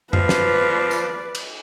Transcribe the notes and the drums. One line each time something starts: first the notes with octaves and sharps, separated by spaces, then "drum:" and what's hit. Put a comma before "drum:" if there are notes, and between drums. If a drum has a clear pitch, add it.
F3 B4 D5, drum: tom F#2
drum: snare
drum: tambourine
drum: cymbal